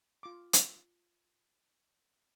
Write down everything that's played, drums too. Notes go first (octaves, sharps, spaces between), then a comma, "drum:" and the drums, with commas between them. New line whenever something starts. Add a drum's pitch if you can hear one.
F4 D6
drum: hi-hat